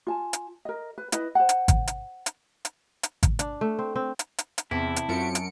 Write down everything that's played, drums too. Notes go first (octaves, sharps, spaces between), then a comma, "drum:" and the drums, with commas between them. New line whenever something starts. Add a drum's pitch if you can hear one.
F4 G#5 A5
drum: hi-hat
A#4 D#5
B4
E4 B4 D#5 B5, drum: hi-hat
C5 F#5
drum: hi-hat
drum: kick G#1, hi-hat
drum: hi-hat
drum: hi-hat
drum: hi-hat
drum: hi-hat
drum: kick G#1, hi-hat
D4, drum: hi-hat
A3
C4
C4
drum: hi-hat
drum: hi-hat
drum: hi-hat
E2 C3 E4 A5
drum: hi-hat
F#2 C4 F4 A4 C#7 D7
drum: hi-hat